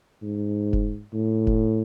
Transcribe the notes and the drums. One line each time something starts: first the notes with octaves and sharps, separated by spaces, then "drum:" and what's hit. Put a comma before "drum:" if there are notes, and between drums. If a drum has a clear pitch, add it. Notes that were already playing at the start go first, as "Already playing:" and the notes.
G#2
drum: kick F1
A2
drum: kick F1